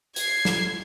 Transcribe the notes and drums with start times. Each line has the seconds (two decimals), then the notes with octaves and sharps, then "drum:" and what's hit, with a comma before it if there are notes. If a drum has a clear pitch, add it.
0.16 G#6 C7, drum: hi-hat
0.45 drum: snare